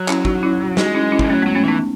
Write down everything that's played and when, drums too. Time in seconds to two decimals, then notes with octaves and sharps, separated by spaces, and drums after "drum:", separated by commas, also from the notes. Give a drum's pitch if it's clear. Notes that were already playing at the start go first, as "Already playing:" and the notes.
Already playing: F#3
0.08 C#4 E4, drum: clap
0.25 D#4 F#4, drum: kick
0.43 C#4 E4
0.77 G#3 D#4 F#4, drum: snare
0.95 C#4 E4
1.12 C#4 E4
1.19 E3, drum: kick
1.29 F#3 A3 C#4
1.42 F#3 G#3 B3
1.55 A3 C#4
1.64 E3 B3 D#4